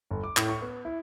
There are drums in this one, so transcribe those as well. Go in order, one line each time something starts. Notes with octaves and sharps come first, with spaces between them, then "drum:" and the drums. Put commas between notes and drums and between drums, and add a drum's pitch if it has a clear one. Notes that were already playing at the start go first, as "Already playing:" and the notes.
G1
D6
A2, drum: clap
C#6
B3
E4